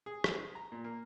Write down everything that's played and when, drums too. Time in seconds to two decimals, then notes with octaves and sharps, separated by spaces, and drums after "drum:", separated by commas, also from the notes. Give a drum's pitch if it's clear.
0.06 G#4
0.24 drum: rim click
0.55 A#5
0.72 A#2
0.84 A#3